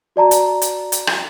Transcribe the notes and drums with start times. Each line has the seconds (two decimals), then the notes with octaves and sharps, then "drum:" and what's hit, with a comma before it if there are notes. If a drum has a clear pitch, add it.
0.16 F#4 D5 A5 A#5
0.31 drum: hi-hat
0.62 drum: hi-hat
0.92 drum: hi-hat
1.07 drum: rim click